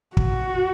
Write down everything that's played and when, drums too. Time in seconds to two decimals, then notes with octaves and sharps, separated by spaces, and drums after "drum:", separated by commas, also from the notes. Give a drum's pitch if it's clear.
0.17 F#4, drum: kick